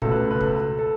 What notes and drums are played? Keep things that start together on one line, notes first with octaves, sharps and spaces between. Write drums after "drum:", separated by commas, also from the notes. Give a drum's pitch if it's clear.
C#2 B2 A3 A4, drum: kick
B4
A4
B4
A4, drum: kick
A4